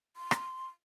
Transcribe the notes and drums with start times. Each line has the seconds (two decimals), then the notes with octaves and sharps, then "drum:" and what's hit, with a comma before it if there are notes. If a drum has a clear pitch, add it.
0.16 C6
0.31 drum: rim click